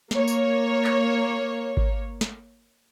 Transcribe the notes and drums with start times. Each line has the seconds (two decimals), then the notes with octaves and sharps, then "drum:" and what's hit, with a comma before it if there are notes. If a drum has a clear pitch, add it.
0.11 A#3 C#5, drum: snare
0.28 drum: tambourine
0.84 drum: clap
1.77 drum: kick G#1
2.21 drum: snare